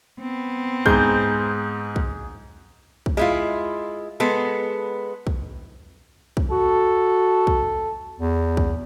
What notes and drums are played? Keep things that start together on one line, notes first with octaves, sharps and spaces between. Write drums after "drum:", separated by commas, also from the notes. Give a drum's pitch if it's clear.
B3 C4
G#2 G#4 A#5 G6, drum: kick
drum: kick
drum: kick
G#3 E4 F4
G#3 B3 A4
drum: kick
drum: kick
F#4 A4
drum: kick
E2
drum: kick